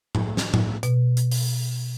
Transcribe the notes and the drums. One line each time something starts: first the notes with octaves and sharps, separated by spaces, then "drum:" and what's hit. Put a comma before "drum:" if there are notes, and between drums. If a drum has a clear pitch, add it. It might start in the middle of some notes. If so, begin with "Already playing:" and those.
drum: tom A2
drum: snare
drum: tom A2
B2, drum: hi-hat
drum: hi-hat
drum: open hi-hat